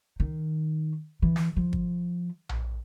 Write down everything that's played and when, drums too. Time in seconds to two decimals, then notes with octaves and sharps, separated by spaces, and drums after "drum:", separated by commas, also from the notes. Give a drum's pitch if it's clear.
0.20 D#3
1.22 E3
1.36 drum: snare
1.56 F3
1.73 drum: kick
2.49 drum: tom A#1